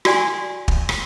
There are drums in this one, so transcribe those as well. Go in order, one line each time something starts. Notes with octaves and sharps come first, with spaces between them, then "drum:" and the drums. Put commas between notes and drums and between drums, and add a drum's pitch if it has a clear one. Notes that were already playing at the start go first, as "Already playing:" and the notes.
F#4 D5 G#5 C6, drum: rim click
drum: kick
drum: rim click